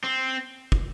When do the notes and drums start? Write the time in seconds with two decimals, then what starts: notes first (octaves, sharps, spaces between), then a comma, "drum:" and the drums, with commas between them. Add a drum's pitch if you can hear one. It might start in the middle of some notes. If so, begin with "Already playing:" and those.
0.04 C4
0.72 drum: kick